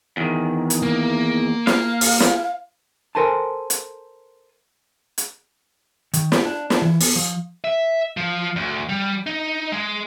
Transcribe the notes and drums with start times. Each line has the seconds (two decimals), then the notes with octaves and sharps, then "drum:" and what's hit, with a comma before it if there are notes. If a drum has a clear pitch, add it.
0.17 E2 D#3
0.70 drum: hi-hat
0.82 A#3
1.67 F5, drum: snare
2.01 drum: open hi-hat
2.20 drum: snare
3.15 A4 A#4 C5 G#5 A5
3.70 drum: hi-hat
5.18 drum: hi-hat
6.14 D#3, drum: hi-hat
6.32 G4, drum: snare
6.45 D4
6.70 D4, drum: snare
6.82 E3
7.01 B3, drum: open hi-hat
7.16 F3
7.64 E5
8.17 F3
8.56 D2
8.89 G3
9.27 D#4
9.72 G#3